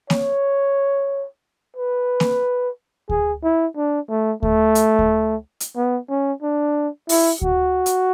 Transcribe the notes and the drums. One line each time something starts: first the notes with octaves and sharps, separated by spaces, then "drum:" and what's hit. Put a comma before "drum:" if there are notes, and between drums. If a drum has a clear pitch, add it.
C#5, drum: snare A#3
B4
drum: snare A#3
G#4, drum: kick D2
E4
D4
A3
A3, drum: kick D2
drum: hi-hat
drum: kick D2
drum: hi-hat
B3
C#4
D4
E4, drum: open hi-hat
F#4, drum: kick D2
drum: hi-hat